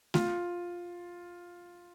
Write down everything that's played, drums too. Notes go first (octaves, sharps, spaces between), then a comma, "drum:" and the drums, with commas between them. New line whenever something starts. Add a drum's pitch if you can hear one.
F4, drum: snare A3